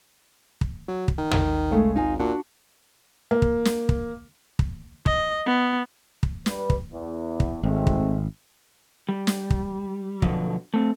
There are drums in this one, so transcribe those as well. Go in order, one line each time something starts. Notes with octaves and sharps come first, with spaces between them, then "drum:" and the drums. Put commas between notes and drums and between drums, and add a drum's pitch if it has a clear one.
drum: kick
F#3
drum: kick
D#3
drum: tom
C#3 G#3 A3
G#1 D#4 F4 G#5
A#2 D4 F#4
A#3
drum: kick
drum: snare
drum: kick
drum: kick
D#5, drum: kick
B3
drum: kick
G2 G3 B4, drum: snare
drum: kick
E2
drum: kick
G#1 G#3 A3 C4
drum: kick
G3
drum: snare
drum: kick
B2 D3 F3 F#3, drum: kick
A3 C4